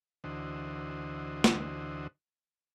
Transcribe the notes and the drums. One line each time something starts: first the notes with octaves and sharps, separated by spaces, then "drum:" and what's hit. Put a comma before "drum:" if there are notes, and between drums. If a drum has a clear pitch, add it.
D2 D3 E3 F#4 C5 D#5
drum: snare